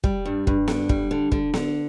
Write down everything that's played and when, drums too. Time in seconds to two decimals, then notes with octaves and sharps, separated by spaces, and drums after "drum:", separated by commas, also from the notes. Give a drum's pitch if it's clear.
0.04 G3, drum: kick
0.26 G2
0.47 G2, drum: kick
0.68 D3, drum: snare B3
0.89 G3, drum: kick
1.11 D3
1.32 D3, drum: kick
1.54 D3, drum: snare B3